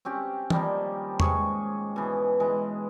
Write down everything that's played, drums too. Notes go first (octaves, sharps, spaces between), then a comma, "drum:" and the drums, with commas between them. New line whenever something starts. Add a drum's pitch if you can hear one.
C4 C#4 G4 G5
D#3 F3 G3 A#3, drum: tom E3
G#2 G#4 C#6, drum: tom E2
B2 E3
E3 G#3